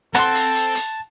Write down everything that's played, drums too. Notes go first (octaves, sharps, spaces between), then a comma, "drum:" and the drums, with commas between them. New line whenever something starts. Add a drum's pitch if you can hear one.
C4 A4 F#5 A5 C6, drum: rim click
drum: hi-hat
drum: hi-hat
drum: hi-hat